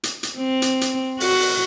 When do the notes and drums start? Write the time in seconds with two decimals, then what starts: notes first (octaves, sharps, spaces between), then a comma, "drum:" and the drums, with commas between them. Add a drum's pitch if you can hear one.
0.03 drum: hi-hat
0.23 drum: hi-hat
0.37 C4
0.62 drum: hi-hat
0.81 drum: hi-hat
1.20 F#4, drum: open hi-hat
1.40 drum: open hi-hat